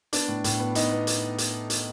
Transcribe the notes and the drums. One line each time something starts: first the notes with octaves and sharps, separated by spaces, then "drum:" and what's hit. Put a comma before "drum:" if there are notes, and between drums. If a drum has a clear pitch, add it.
B3 D4, drum: hi-hat
A2
A2, drum: hi-hat
B3
B3 D#4, drum: hi-hat
B3
drum: hi-hat
drum: hi-hat
drum: hi-hat